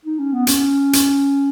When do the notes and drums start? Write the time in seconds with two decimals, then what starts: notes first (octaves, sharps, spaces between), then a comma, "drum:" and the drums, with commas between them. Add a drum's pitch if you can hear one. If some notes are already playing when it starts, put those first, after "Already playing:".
0.05 D#4
0.19 C#4
0.33 B3
0.47 C#4, drum: hi-hat
0.93 drum: hi-hat